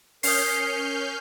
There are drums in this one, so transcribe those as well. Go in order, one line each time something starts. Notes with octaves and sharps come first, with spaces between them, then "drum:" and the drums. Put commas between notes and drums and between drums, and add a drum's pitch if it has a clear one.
C#4 A#4 D#6 F6 G6 C7, drum: open hi-hat